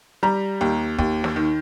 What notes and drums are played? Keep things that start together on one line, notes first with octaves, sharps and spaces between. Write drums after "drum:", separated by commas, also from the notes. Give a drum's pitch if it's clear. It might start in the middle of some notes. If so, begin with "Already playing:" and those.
G3 A#5
D#2
D#2, drum: kick
drum: snare
D#3